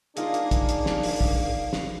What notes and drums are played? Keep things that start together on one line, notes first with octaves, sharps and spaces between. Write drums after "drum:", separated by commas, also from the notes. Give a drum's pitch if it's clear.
A#3 D4 D#4 F4 G#4 F5, drum: hi-hat
drum: hi-hat
drum: kick, hi-hat
drum: hi-hat
drum: snare
drum: open hi-hat
drum: kick
drum: snare